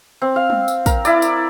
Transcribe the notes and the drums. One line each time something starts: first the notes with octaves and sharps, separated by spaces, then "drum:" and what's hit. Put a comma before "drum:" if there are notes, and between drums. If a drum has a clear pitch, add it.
C4
F5
drum: tom
drum: tambourine
A#4, drum: kick, tambourine
E4 D5, drum: tambourine
drum: tambourine